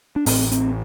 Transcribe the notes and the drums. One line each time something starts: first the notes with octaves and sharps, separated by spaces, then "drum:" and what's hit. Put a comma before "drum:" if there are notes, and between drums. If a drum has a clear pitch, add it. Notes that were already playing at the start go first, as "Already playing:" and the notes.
D4
A1 A2 C4, drum: open hi-hat
C4, drum: hi-hat